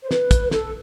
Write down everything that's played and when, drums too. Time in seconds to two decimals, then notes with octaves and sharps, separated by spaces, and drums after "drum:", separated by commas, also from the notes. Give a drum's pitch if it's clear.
0.02 C5
0.11 B4, drum: snare
0.31 drum: kick, hi-hat
0.51 A4, drum: snare